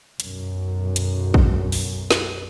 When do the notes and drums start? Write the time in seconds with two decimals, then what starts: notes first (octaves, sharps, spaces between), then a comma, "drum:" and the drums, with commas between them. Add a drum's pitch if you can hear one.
0.20 B1 F#2, drum: hi-hat
0.96 drum: hi-hat
1.34 drum: kick
1.72 drum: open hi-hat
2.11 drum: snare